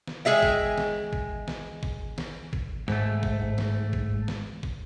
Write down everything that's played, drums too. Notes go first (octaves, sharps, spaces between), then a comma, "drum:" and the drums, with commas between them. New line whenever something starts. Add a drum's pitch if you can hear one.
drum: snare
G#3 G#4 E5 G5
drum: kick
drum: snare
drum: kick
drum: snare
drum: kick
drum: snare
drum: kick
G#2 A3, drum: snare
drum: kick
drum: snare
drum: kick
drum: snare
drum: kick